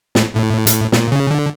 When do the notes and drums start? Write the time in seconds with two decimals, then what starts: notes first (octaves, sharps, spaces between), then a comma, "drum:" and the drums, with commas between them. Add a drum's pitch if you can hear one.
0.15 A2, drum: snare
0.35 A2
0.67 drum: hi-hat
0.92 A#2, drum: snare
1.12 C#3
1.31 D3